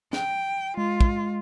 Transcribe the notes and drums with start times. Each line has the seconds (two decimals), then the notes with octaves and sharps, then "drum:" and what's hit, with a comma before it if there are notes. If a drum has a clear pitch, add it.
0.13 G5, drum: snare
0.77 G#3 F4
1.00 drum: kick